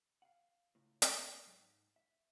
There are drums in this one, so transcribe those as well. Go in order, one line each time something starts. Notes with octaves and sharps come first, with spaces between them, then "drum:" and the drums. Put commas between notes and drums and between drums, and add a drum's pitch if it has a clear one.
F5 F#5
C#2 A2
drum: hi-hat
A3 D4 A4
G#2 F#3 G#3
G#2
E5